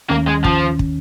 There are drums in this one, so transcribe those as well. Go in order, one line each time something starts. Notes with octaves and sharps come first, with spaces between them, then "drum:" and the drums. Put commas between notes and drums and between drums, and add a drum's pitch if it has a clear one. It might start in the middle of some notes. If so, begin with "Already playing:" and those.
D#2 D#3 A#3 C#4
G#3
D#3 F3 C#4, drum: kick
drum: kick